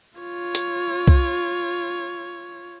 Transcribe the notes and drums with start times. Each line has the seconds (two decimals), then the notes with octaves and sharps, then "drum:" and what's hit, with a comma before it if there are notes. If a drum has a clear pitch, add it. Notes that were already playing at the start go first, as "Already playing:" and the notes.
0.20 F4 C#5
0.55 drum: hi-hat
1.08 drum: kick C2